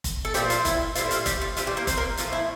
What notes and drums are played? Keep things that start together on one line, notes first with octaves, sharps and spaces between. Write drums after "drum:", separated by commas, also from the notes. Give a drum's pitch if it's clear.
drum: kick F1, hi-hat
A4
A#2 F3 G3 C4 G4, drum: hi-hat
F4, drum: hi-hat
E4, drum: kick F1, hi-hat
A2 G3 C4 E4 F4, drum: hi-hat
F4, drum: hi-hat
G3 G4, drum: kick F1, hi-hat
F4
E3 G3 C4 F4, drum: hi-hat
G3 G4
A#3 A#4
C4 C5, drum: kick F1, hi-hat
A#3 A#4
A2 F3 A3 F4, drum: hi-hat
E4